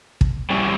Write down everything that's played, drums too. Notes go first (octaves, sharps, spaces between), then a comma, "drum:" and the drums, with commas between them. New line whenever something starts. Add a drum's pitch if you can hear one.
drum: kick
G3 C#4 E4